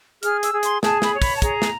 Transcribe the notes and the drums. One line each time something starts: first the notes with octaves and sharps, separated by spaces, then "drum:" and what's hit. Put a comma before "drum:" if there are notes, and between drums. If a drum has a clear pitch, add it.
G#4 F6, drum: hi-hat
E6, drum: hi-hat
G#4
C6, drum: hi-hat
G#4 A5, drum: snare
B5, drum: snare
C#5
B5, drum: kick, open hi-hat
A5
G#4 A#5, drum: kick, hi-hat
drum: snare